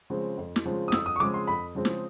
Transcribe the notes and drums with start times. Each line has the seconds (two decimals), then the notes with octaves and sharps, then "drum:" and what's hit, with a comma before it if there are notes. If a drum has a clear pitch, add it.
0.10 C#3 F3 G#3 C4
0.38 F2
0.56 drum: snare
0.65 C#3 F3 G#3 C4
0.88 D#6
0.92 F2 E6, drum: snare
1.06 D#6
1.16 C#6
1.20 C#3 F3 G#3 C4 D6
1.34 C6
1.47 F2 B5
1.75 C#3 F3 G#3 C4
1.85 drum: snare